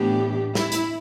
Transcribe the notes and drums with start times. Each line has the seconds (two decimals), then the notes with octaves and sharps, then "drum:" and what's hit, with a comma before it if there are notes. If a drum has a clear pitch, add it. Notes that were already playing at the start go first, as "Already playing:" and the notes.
Already playing: A2 E3 B3 D4 G4
0.55 E4, drum: snare
0.72 drum: hi-hat